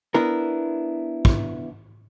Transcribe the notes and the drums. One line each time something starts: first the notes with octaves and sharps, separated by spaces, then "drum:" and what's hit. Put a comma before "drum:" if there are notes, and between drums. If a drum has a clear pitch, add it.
B3 D4 E4 A#4
drum: kick